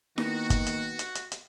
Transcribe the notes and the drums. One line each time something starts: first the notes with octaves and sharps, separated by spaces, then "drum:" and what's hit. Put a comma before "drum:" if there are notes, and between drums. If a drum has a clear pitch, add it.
D#3 A#3 B3 D#4 F#4, drum: snare E4
drum: kick G1, hi-hat
drum: hi-hat
drum: hi-hat
drum: hi-hat
drum: hi-hat